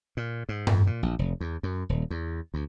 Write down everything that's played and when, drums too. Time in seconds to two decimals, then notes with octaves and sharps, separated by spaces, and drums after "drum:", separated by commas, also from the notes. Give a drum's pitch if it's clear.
0.17 A#2
0.49 G#2
0.67 F2, drum: tom G2
0.87 A#2
1.03 A#1
1.19 F1
1.40 E2
1.63 F#2
1.89 D#1
2.10 E2
2.54 D2